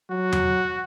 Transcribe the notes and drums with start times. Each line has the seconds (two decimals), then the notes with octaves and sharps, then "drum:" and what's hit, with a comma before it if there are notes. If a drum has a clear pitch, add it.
0.10 F#3 F#4
0.32 drum: tom E2